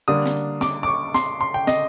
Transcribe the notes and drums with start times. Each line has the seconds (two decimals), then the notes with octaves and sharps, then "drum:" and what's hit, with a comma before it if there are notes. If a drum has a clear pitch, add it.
0.08 D3 G3 A#3 D4 D#6
0.25 drum: snare
0.61 D6, drum: snare
0.83 D6
0.88 C#6
1.14 C6, drum: snare
1.41 C6
1.54 G5
1.67 D#5, drum: snare